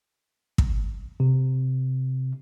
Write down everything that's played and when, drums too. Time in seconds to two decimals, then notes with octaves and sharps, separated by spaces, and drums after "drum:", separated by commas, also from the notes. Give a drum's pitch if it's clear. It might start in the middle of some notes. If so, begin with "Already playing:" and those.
0.58 drum: kick
1.20 C3